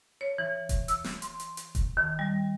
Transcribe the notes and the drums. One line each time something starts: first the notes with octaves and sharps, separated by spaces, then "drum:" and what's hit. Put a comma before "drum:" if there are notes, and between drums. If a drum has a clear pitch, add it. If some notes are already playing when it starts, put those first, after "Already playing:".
C#5
E3
drum: kick E1, hi-hat
E6, drum: hi-hat
drum: snare
C6, drum: hi-hat
drum: hi-hat
drum: hi-hat
drum: kick E1, hi-hat
D#3
G3